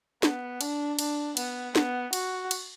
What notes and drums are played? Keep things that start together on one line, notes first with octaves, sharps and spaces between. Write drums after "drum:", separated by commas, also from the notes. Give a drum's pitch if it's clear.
B3, drum: snare
D4, drum: cymbal
D4, drum: cymbal
B3, drum: cymbal
B3, drum: snare
F#4, drum: cymbal
drum: cymbal